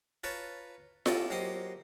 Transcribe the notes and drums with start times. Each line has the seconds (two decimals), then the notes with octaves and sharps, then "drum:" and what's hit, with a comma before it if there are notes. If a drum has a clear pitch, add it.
0.24 F4 B4 C#5 A5 A#5
1.06 E4 F4 G4 A4 C#5 D#5, drum: snare F4
1.30 F#3 A#3 G4 C5 D#5